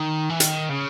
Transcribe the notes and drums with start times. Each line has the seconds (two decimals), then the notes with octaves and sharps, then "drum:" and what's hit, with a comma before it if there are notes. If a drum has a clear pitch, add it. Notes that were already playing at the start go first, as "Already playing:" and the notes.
Already playing: D#3
0.30 E3
0.40 D#3, drum: hi-hat
0.69 C#3